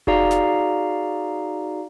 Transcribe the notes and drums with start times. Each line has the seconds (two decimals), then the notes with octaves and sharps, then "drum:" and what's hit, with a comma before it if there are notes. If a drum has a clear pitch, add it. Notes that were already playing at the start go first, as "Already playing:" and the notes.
0.07 D#4 F#4 G#4 D5 F5 A#5, drum: kick F1
0.31 drum: snare